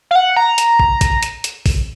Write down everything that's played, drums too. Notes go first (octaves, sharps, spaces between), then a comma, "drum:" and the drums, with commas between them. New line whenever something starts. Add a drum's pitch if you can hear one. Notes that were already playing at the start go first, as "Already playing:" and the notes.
F5
F#5
A#5
drum: hi-hat
drum: kick
drum: kick, hi-hat
drum: hi-hat
drum: hi-hat
drum: kick, open hi-hat